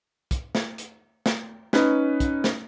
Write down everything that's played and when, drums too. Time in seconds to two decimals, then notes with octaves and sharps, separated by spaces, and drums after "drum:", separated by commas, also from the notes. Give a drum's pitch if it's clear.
0.31 drum: kick, hi-hat
0.55 drum: snare
0.78 drum: hi-hat
1.26 drum: snare
1.73 C#4 D#4 B4 C#5, drum: snare
2.20 drum: kick, hi-hat
2.44 drum: snare